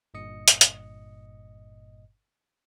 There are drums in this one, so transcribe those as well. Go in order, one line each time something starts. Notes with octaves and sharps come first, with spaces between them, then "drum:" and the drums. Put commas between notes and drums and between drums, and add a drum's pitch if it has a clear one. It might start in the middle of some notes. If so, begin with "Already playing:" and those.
G1 G2 A#2 D#5 D#6 C#7
drum: hi-hat
drum: hi-hat